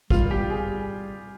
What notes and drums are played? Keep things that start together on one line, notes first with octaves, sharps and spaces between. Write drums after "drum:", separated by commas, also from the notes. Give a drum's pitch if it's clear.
G3 F4, drum: kick
G4
G#4